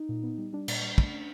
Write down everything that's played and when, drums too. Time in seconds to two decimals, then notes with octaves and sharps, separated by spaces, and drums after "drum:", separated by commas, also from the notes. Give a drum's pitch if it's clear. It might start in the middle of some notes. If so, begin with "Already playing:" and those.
Already playing: D#4
0.09 A#2
0.23 B3
0.38 G3
0.53 G3 D4
0.68 A#2, drum: cymbal
0.82 G3
0.98 A3, drum: kick
1.12 C#4